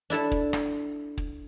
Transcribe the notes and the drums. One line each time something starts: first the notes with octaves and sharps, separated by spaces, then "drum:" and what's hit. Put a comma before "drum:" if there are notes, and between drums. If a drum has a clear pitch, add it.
D4 E4 A4 A5
drum: kick
drum: rim click
drum: kick